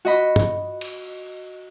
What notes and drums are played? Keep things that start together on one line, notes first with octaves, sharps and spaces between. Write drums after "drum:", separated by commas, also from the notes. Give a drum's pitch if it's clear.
F#4 D#5 B5
drum: tom
drum: cymbal